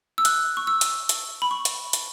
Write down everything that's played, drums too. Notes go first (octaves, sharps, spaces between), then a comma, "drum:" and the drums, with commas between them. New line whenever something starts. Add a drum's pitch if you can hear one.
E6
F#6, drum: hi-hat
C#6
E6
drum: hi-hat
drum: hi-hat
B5
C#6
drum: hi-hat
drum: hi-hat